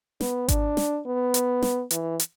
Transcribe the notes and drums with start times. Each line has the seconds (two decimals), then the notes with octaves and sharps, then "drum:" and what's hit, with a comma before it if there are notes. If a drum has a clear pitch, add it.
0.21 B3, drum: snare
0.48 D4, drum: kick G#1, hi-hat
0.77 drum: snare
1.06 B3
1.34 drum: hi-hat
1.63 drum: snare
1.91 E3, drum: hi-hat
2.20 drum: hi-hat